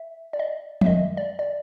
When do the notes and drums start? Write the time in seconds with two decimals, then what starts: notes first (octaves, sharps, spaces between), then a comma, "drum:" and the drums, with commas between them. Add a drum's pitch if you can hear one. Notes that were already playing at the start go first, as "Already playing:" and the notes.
Already playing: E5
0.33 D5
0.39 D#5
0.81 E5, drum: tom F3
0.86 F#2 D#3 G#3 D#5
1.17 D5
1.39 D5